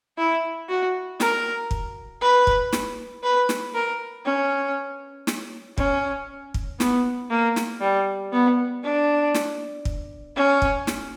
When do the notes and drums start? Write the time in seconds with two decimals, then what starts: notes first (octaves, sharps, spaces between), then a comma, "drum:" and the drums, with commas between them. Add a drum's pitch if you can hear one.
0.18 E4
0.69 F#4
1.20 A#4, drum: snare
1.71 drum: kick
2.21 B4
2.47 drum: kick
2.73 drum: snare
3.23 B4
3.49 drum: snare
3.74 A#4
4.25 C#4
5.27 drum: snare
5.78 C#4, drum: kick
6.54 drum: kick
6.80 B3, drum: snare
7.31 A#3
7.56 drum: snare
7.81 G3
8.33 B3
8.83 D4
9.34 drum: snare
9.85 drum: kick
10.36 C#4
10.62 drum: kick
10.87 drum: snare